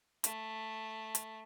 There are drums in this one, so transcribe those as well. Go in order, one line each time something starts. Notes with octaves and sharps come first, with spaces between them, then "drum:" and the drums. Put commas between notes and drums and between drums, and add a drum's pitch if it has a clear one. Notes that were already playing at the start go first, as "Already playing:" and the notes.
A3, drum: hi-hat
drum: hi-hat